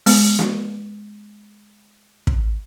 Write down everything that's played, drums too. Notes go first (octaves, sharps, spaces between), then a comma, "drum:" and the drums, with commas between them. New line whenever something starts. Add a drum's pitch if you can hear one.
G#3 B3, drum: open hi-hat
drum: snare
drum: kick